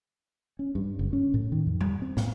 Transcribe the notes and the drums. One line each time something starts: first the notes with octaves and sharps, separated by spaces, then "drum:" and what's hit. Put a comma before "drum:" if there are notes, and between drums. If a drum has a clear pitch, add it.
C#4
G2
F#1
C#4
A2
D#3
F2
G3, drum: tom E2
C4
A2, drum: snare